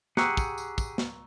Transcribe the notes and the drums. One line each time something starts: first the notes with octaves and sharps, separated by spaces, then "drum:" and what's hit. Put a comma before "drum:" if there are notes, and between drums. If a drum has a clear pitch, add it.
G4 G#4 F#5 A#5 C#6 E6, drum: snare
drum: kick, tambourine
drum: tambourine
drum: kick, tambourine
drum: snare